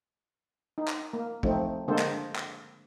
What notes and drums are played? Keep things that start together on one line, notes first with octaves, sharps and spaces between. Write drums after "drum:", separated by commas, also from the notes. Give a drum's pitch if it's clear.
D#4
drum: clap
A#3
F3 A3 C4 D#4, drum: kick
D3 G#3 A#3 A4 C5
drum: clap
drum: clap